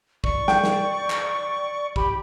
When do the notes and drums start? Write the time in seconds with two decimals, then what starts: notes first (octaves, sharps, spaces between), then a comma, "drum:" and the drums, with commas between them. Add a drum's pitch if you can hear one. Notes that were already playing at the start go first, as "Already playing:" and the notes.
0.24 D5 C#6, drum: kick A#1
0.48 G5, drum: snare
0.64 drum: snare
1.10 drum: clap
1.96 G4 B5, drum: kick A#1